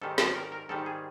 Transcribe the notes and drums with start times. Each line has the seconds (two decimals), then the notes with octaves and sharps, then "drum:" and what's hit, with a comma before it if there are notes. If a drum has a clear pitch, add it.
0.02 G#2 D#3 G3 A4
0.18 A4, drum: snare
0.35 A#4
0.52 A#4
0.69 G#2 D#3 G3 A4
0.86 G#4